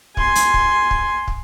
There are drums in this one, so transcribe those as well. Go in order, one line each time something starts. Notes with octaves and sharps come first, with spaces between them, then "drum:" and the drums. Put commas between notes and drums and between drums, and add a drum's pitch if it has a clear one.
G#5 C6, drum: kick
drum: hi-hat
drum: kick
drum: kick
drum: kick